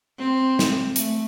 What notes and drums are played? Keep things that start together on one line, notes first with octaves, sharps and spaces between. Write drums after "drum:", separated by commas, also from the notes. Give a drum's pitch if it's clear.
C4
drum: snare
A3, drum: hi-hat